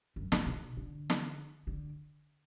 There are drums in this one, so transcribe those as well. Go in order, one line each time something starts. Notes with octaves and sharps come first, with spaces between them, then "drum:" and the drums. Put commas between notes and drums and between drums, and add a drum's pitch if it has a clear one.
F#2
G#2, drum: snare
B2
D3
drum: snare
D3